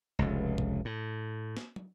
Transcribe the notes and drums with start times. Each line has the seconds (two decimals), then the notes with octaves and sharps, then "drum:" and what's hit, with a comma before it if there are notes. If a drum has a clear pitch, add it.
0.19 F1 C#2
0.58 drum: kick
0.85 A2
1.57 drum: snare
1.76 drum: tom